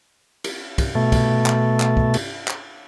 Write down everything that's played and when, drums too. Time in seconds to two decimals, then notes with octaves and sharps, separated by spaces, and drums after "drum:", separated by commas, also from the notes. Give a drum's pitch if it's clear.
0.44 drum: cymbal
0.78 drum: kick, cymbal
0.95 B2 A3
1.12 drum: kick, cymbal
1.46 drum: clap
1.80 drum: clap
1.97 drum: kick
2.14 drum: cymbal
2.48 drum: clap